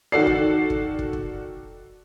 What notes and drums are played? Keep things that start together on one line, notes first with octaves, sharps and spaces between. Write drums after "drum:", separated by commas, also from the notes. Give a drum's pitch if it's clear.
D#3 F#4 A4 D5 C7
drum: kick
drum: kick
drum: kick
drum: kick